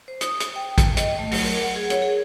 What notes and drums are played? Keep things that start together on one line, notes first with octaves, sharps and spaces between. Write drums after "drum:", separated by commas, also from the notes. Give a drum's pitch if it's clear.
C5
D#6, drum: hi-hat
drum: hi-hat
G5
drum: kick, hi-hat
D#5, drum: hi-hat
A3
F#3, drum: open hi-hat
A#4
F#5
G#4
C#5, drum: hi-hat
G#4